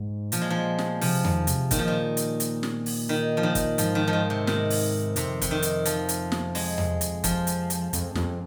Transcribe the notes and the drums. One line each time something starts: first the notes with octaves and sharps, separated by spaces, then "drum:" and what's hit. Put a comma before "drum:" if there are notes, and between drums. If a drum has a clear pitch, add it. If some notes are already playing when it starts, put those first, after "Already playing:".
Already playing: G#2
A#2 F3, drum: hi-hat
G#3
F3
drum: snare
C3 F3, drum: open hi-hat
D#3, drum: tom E2
C3, drum: hi-hat
A#2 D#3, drum: kick, hi-hat
F3
D#3
drum: hi-hat
drum: hi-hat
drum: snare
drum: open hi-hat
D#3
F3
D#3
drum: kick, hi-hat
G#2 F3, drum: hi-hat
D#3
F3
D#3
C3
D#3, drum: snare
drum: open hi-hat
F2 C3, drum: hi-hat
C3, drum: kick, hi-hat
D#3
drum: hi-hat
F3, drum: hi-hat
drum: hi-hat
drum: snare
G#3, drum: open hi-hat
drum: tom E2
drum: hi-hat
F3, drum: kick, hi-hat
drum: hi-hat
drum: hi-hat
F2, drum: hi-hat
F2, drum: snare